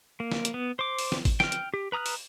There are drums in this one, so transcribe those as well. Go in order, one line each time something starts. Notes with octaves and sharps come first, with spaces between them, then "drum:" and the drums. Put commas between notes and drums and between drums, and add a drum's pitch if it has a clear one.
A#3
drum: snare
drum: hi-hat
B3
C5 D6
drum: open hi-hat
drum: snare
drum: kick G#1, open hi-hat
G5 F6, drum: snare
drum: hi-hat
G4
B4 A#5 D#6 F6 F#6
drum: open hi-hat